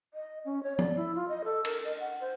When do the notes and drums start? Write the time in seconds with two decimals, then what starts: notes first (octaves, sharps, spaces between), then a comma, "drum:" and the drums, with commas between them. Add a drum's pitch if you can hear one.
0.14 D#5
0.45 C#4
0.63 C#5
0.79 D5, drum: tom
0.96 E4
1.15 F4
1.28 D#5
1.45 A4
1.65 A#4, drum: cymbal
1.84 D#5
2.00 F#5
2.21 C5